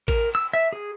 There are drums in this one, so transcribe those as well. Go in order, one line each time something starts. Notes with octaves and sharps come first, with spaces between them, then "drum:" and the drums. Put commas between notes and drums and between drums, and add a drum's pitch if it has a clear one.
A#4, drum: kick A1, cymbal
E6
E5
G#4